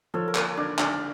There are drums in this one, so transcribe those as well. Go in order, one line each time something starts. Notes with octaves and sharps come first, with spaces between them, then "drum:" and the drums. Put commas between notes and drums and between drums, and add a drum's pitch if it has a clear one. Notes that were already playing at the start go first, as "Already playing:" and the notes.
F3 A4 C#5
A#4
A#3 A4 C#5, drum: clap
D4 A#4 D5
D4 D5 F5, drum: clap